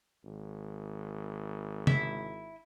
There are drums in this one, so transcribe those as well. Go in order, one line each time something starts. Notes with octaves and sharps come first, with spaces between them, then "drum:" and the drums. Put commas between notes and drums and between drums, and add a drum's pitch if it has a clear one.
G#1
E4, drum: tom